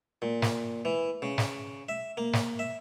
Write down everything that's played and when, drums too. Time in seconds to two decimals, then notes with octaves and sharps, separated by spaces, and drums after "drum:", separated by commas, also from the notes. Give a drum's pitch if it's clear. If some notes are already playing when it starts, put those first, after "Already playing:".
0.22 A#2
0.42 drum: snare
0.85 E3
1.22 C#3
1.38 drum: snare
1.89 E5
2.17 A#3
2.33 drum: snare
2.59 E5